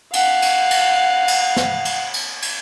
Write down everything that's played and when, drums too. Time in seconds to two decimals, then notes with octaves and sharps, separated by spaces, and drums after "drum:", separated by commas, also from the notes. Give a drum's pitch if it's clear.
0.13 F5 F#5, drum: cymbal
0.42 drum: cymbal
0.71 drum: cymbal
1.28 drum: cymbal
1.56 drum: snare
1.85 drum: cymbal
2.14 drum: cymbal
2.42 drum: cymbal